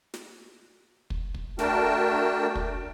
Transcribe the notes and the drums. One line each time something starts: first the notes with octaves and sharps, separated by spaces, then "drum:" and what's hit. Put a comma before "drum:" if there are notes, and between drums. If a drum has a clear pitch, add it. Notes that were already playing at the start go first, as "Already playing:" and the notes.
drum: snare
drum: kick
drum: kick
A3 D4 F#4 A#4 G5 A5, drum: snare
drum: kick